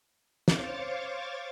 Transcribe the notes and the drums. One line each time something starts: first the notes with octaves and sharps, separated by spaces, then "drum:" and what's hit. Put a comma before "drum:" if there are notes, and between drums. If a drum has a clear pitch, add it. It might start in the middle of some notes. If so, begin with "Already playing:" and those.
C5 C#5 F5 C#6 D6 A6, drum: snare